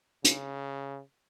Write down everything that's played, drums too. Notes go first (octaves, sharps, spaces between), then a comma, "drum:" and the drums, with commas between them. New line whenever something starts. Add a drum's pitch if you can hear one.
C#3, drum: hi-hat